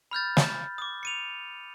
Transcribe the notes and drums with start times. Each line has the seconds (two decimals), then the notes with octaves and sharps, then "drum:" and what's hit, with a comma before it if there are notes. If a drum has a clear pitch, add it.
0.11 B5 F6 G6 A6
0.37 drum: snare
0.78 D6 D#6
1.03 C#7 D#7 F7